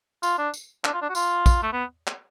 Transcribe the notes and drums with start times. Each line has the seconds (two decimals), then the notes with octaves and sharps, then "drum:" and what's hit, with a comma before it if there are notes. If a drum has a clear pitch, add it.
0.23 F4, drum: tambourine
0.38 D4
0.54 drum: tambourine
0.85 D4, drum: clap
0.94 F4
1.02 D4
1.09 F#4
1.15 F4, drum: tambourine
1.46 drum: kick, tambourine
1.62 A3
1.73 B3
2.07 drum: clap